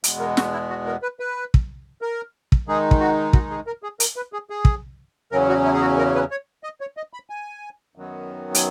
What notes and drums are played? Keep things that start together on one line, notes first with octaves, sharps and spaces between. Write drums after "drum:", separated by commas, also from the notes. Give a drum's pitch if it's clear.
E2 B2 G#3 B3, drum: hi-hat
A#4
F#4, drum: snare
E4
F#4
A#4
B4
B4
drum: kick
A#4
drum: kick
D#3 G#3 D#4 G#4
drum: kick
F#4
F#4, drum: kick
G#4
A#4
G#4
A#4, drum: hi-hat
B4
G#4
G#4
drum: kick
E2 C#3 F#3 C#4 A#4
F#4
E4
G#4
F#4
A#4
B4
C#5
D#5
C#5
D#5
B5
G#5
F#2 D#3 F#3 B3
G#5, drum: hi-hat